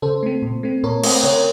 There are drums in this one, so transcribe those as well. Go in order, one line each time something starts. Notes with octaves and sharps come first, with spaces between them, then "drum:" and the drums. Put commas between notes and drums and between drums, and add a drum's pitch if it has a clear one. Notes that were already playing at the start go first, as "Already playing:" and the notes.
C#3 A4 C5
A3 C4
A#2
A3 C4
A#2 A#4 C#5
A3 C4, drum: cymbal
C#3 A#4 C#5